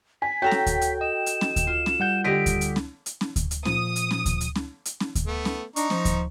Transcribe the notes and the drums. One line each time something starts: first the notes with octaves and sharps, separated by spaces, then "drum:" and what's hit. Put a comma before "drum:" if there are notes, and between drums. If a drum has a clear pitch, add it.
G#5 B6
F#4 A4 C#5 G5 A#5
drum: snare C#4
drum: kick D2, hi-hat
drum: hi-hat
D#5 E7
drum: hi-hat
drum: snare C#4
drum: kick D2, hi-hat
F4
drum: snare C#4
G3 F#5 G6
D3 G4 D#5 B6 D7
drum: kick D2, hi-hat
drum: hi-hat
drum: snare C#4
drum: hi-hat
drum: snare C#4
drum: kick D2, hi-hat
drum: hi-hat
A#2 F3 D#6, drum: snare C#4
drum: hi-hat
drum: snare C#4
drum: kick D2, hi-hat
drum: hi-hat
drum: snare C#4
drum: hi-hat
drum: snare C#4
drum: kick D2, hi-hat
A3 B3
drum: snare C#4
D4 D#4 A#5 C#6, drum: hi-hat
F3, drum: snare C#4
drum: kick D2, hi-hat